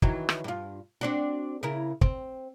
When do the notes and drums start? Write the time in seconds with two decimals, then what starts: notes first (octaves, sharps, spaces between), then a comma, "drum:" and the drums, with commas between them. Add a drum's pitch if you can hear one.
0.02 D#3 E3 F#3, drum: kick
0.29 drum: rim click
0.44 G2 F4
1.01 C4 D4 F#4
1.63 C#3 E4 A#4
2.01 C4, drum: kick